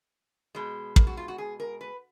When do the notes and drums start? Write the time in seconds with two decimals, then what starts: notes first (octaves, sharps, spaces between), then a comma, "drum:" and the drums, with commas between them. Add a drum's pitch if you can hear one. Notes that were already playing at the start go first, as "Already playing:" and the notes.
0.55 B2 G#3
0.96 A#3, drum: kick
1.07 F#4
1.17 F4
1.28 F#4
1.38 G#4
1.60 A#4
1.81 B4